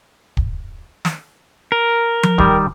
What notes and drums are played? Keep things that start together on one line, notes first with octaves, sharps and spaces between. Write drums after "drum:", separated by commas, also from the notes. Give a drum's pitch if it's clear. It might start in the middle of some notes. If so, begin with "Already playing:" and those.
drum: kick
drum: snare
A#4
drum: tom F3
D#3 G3, drum: kick